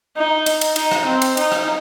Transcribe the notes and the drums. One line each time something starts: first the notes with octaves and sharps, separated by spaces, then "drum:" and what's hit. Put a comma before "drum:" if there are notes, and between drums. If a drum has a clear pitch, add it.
D#4
drum: cymbal
drum: cymbal
D#4, drum: cymbal
drum: rim click
C4
drum: cymbal
D#4, drum: cymbal
drum: rim click